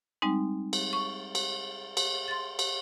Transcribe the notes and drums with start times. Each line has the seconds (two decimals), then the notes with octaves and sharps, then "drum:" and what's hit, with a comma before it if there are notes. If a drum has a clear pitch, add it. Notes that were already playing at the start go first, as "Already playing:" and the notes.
0.22 G3 G#3 C4 D#4
0.73 drum: cymbal
0.93 C#6
1.35 drum: cymbal
1.97 drum: cymbal
2.28 C6 A6
2.59 drum: cymbal